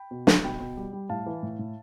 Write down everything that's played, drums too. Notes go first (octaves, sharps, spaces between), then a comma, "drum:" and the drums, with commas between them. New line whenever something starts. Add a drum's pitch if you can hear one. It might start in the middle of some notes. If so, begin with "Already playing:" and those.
Already playing: G5 B5
B2
G3, drum: snare
B2 G5 B5
B2
G3
G3
A2 F5 A5
E3
A2
A2